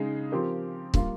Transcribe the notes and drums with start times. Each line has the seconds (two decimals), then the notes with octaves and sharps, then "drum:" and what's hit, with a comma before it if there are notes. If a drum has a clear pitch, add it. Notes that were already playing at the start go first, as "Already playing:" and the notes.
Already playing: C#3 G#3 D#4 G#4
0.32 F3 C4 G4 A#4
0.94 G3 A#3 F4, drum: kick C#1